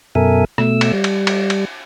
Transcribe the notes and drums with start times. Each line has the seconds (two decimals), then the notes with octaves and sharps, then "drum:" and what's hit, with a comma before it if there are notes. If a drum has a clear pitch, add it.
0.15 F#2 B2 A4 A#4 E5 G#5
0.58 B2 A3 E6, drum: rim click
0.81 drum: cymbal
0.93 G3
1.04 drum: cymbal
1.27 drum: cymbal
1.50 drum: cymbal